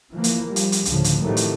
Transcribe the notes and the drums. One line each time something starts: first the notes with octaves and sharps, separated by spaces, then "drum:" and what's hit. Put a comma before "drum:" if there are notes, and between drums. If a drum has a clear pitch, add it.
E3 F3 A#3
drum: hi-hat
F3 G3
drum: hi-hat
drum: hi-hat
D2 A2 C#3 F3, drum: hi-hat
drum: hi-hat
A2 C3 D#3 E3 F#3 A3
drum: hi-hat